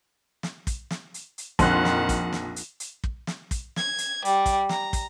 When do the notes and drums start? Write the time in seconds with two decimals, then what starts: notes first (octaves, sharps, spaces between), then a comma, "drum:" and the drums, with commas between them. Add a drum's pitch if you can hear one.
0.43 drum: snare
0.67 drum: kick, hi-hat
0.91 drum: snare
1.14 drum: hi-hat
1.38 drum: hi-hat
1.59 A#1 F2 D#3 F#5 C6 F#6, drum: kick, hi-hat
1.85 drum: snare
2.09 drum: kick, hi-hat
2.33 drum: snare
2.56 drum: hi-hat
2.80 drum: hi-hat
3.04 drum: kick
3.27 drum: snare
3.51 drum: kick, hi-hat
3.76 G#6, drum: snare
3.98 drum: hi-hat
4.25 G3, drum: hi-hat
4.46 drum: kick, hi-hat
4.69 A#5, drum: snare
4.93 drum: kick, hi-hat